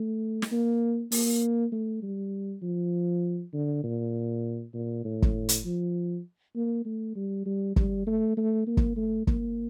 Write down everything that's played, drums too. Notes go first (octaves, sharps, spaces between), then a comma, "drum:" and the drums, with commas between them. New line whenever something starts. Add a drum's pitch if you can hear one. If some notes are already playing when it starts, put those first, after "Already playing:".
Already playing: A3
drum: snare
A#3
A#3, drum: open hi-hat
A3
G3
F3
D3
A#2
A#2
A2
drum: kick
drum: hi-hat
F3
A#3
A3
G3
G3
G3, drum: kick
A3
A3
A#3
drum: kick
A3
A#3, drum: kick